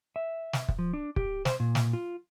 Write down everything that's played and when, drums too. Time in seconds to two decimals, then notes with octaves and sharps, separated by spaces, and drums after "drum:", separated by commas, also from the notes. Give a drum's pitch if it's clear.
0.16 E5
0.53 drum: snare
0.69 drum: kick
0.79 F3
0.93 D4
1.16 G4, drum: kick
1.45 C5, drum: snare
1.60 A#2
1.75 drum: snare
1.93 F4